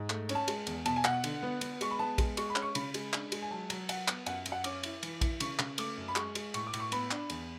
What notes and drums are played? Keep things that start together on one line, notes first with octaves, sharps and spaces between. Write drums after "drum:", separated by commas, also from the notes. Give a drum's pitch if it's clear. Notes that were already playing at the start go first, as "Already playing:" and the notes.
Already playing: G#2
A3, drum: clap
C#4, drum: cymbal
A5
G#3, drum: cymbal
E2, drum: cymbal
B2 A5, drum: cymbal
G#5
B2 F#5, drum: clap
D3, drum: cymbal
B3
B3, drum: cymbal
G#3 C#6, drum: cymbal
B5
B3 A5
G#3, drum: kick A#1, cymbal
G#3 C#6, drum: cymbal
B5
C#4, drum: clap
C#6
C#3 B5, drum: cymbal
G#3, drum: cymbal
D4, drum: clap
G#3, drum: cymbal
G#5
F#3 A5
F#3, drum: cymbal
F#3 F#5, drum: cymbal
B3, drum: clap
F#2 F#5, drum: cymbal
F#2, drum: cymbal
F#5
C#4 D6, drum: cymbal
E4, drum: cymbal
E3, drum: cymbal
E4, drum: kick A#1, cymbal
C#3 C#6, drum: cymbal
C#3, drum: clap
A3 D6, drum: cymbal
F#2
B5
G#3 C#6, drum: clap
G#3, drum: cymbal
A2 C#6, drum: cymbal
D6
A2, drum: cymbal
C#6
B3 B5, drum: cymbal
D4, drum: clap
E2, drum: cymbal